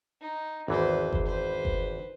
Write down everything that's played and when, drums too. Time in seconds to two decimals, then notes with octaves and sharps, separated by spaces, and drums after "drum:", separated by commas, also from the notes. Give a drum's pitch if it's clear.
0.21 D#4
0.68 G#1 E2 E3 B4 C5
1.13 drum: kick F#1
1.26 B4 C5
1.65 drum: kick F#1